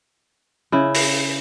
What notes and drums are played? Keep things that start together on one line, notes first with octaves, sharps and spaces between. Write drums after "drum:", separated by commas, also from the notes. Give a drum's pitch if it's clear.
C#3 E4
drum: open hi-hat